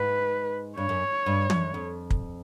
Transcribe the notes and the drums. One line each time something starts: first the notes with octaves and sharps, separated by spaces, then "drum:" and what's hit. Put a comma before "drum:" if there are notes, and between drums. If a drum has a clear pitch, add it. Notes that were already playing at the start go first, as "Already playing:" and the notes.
Already playing: G#2 B4
G2 C#5
F#2
G2
F#2, drum: tom
F2
drum: kick